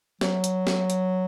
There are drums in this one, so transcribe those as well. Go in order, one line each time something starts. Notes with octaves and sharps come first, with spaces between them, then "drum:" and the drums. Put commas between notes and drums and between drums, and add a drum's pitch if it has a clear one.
F#3, drum: snare
drum: hi-hat
drum: snare
drum: hi-hat